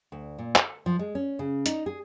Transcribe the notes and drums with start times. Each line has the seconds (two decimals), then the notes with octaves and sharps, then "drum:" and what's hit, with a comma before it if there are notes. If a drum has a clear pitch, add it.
0.12 D2
0.38 A#2
0.56 A4, drum: clap
0.86 F3
0.99 G#3
1.15 C#4
1.39 C#3
1.66 D#4, drum: hi-hat
1.86 G#4